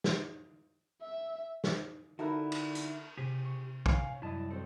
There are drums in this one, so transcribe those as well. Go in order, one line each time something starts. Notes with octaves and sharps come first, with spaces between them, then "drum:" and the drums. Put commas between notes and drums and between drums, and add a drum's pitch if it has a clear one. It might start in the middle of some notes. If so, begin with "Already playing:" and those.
drum: snare
E5
drum: snare
D3 A3 D#4 E4 F#4 A#4 B4
drum: cymbal
drum: hi-hat
C3 G4 G#4
C#6
C#5 F5 G#5, drum: kick
F#2 G3 E4 D#5 A5
C4 F#4 A4 C5